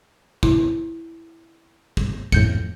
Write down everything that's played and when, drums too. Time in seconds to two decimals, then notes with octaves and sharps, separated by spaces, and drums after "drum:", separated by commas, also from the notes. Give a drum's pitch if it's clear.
0.43 E4, drum: kick
1.97 drum: kick
2.32 A1 F2 G6 C#7, drum: kick